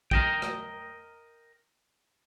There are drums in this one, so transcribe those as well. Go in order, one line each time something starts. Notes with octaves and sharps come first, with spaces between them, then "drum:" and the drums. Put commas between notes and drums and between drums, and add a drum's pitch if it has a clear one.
A#4 D#5 G5, drum: kick
drum: rim click